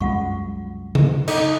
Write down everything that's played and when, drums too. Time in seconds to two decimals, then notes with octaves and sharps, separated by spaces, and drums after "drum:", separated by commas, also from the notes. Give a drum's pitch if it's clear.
0.01 C2 F#2 G#3 F4 F#5 C#6
0.95 drum: tom C#3
1.28 D#4 A4 D6 D#6, drum: cymbal